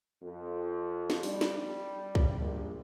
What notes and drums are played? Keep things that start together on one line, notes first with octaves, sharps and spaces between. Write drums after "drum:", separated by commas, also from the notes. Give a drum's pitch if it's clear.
F2
drum: snare
G3, drum: open hi-hat
drum: snare
drum: kick
A#1